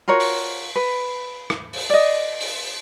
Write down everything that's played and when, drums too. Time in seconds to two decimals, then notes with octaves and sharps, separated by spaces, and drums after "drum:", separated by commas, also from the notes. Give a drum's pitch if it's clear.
0.08 F4 F#4 A#4 C#5
0.20 drum: open hi-hat
0.76 B4
1.50 drum: rim click
1.73 drum: open hi-hat
1.90 D5 D#5
2.40 drum: open hi-hat